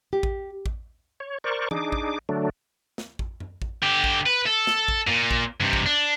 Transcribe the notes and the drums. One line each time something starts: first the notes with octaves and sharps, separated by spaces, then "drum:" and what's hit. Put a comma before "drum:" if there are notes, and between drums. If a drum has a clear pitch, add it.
G4
drum: kick A1
drum: kick A1
C#5
A#4 C5 D5 C#6
D4 D#4 G#4 D6, drum: tom E3
drum: kick A1
D3 F#3 A3 D4
drum: snare
drum: kick A1
drum: tom F#2
drum: kick A1
D3 G4
drum: kick A1
B4
A4
drum: snare
drum: kick A1
A#2, drum: tom F#2
drum: kick A1
G2 C3
drum: kick A1
D4